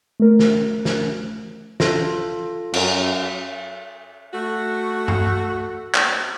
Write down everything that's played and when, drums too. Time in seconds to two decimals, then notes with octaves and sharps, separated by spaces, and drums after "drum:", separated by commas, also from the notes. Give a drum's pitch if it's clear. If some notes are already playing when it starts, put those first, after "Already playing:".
0.20 A3 A#4
0.39 drum: snare
0.85 drum: snare
1.80 F4 A4, drum: snare
2.73 F#2, drum: cymbal
4.33 A3 F#4
5.08 drum: tom G2
5.95 drum: clap